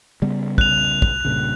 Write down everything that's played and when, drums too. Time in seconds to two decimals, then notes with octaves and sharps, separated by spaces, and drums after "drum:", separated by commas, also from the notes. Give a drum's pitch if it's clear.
0.22 C#3 G3 B3
0.58 F#6 F7, drum: kick
1.02 drum: kick
1.25 G2 A#2 C#3